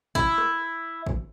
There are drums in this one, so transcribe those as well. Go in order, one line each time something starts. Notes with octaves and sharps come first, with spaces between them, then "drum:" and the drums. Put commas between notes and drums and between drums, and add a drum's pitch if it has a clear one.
E4, drum: kick
drum: rim click
drum: kick